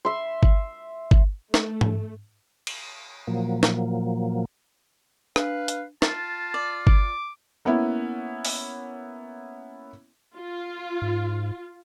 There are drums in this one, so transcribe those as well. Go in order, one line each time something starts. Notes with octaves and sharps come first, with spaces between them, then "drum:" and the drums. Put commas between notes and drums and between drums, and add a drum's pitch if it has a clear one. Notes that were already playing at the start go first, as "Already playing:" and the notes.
E5 C6
drum: kick G1
drum: kick G1
A3, drum: snare
drum: tom G#2
drum: cymbal
A#2 F3 F#3 A#3
drum: snare
D4 B4 F5, drum: rim click
drum: hi-hat
F4 A5, drum: snare
D5
D6, drum: kick G1
A#3 B3 C#4 E4
drum: open hi-hat
F4
G#2